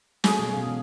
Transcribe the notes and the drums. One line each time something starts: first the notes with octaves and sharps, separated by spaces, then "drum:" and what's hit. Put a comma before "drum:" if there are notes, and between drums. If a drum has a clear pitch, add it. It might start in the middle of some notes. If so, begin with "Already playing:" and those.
D#4 F#4 G#4 A4 D#6, drum: snare
B2 G#3 C#4
B2 F5
E3 F#3